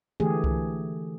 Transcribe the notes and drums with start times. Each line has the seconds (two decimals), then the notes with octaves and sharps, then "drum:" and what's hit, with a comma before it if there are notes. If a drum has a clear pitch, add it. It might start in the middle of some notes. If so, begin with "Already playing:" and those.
0.20 D3 E3 A3 G4 G#4
0.44 drum: kick C2